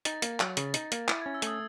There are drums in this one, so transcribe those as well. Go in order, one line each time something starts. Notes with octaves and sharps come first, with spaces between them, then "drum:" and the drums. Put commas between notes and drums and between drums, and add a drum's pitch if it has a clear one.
D#4 A6, drum: hi-hat
A#3, drum: hi-hat
F#3, drum: clap
C#3, drum: hi-hat
D#4, drum: hi-hat
A#3, drum: hi-hat
E4 A6, drum: clap
C#4 G#6
E6
A3 D#6, drum: hi-hat